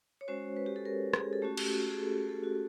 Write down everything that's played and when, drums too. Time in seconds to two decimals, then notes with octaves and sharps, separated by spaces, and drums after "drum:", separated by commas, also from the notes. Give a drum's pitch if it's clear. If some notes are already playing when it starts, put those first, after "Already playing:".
0.21 C#5
0.28 G#3 C#4 F#4 C5
0.57 B4
0.66 G4
0.76 A4
0.85 A#4
1.14 G#4, drum: rim click
1.33 A4
1.42 A3 C#4 F#4 G4
1.57 G4, drum: cymbal
1.72 F#4
1.81 G4
1.90 G#4
2.00 A4
2.29 A4
2.43 F#4